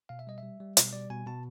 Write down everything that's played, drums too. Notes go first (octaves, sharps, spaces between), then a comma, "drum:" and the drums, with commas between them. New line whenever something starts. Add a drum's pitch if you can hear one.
B2 F5
E5
G3 D#5
E5
G3
G3
B2, drum: hi-hat
G3 D5
B2 G#5
B2 A5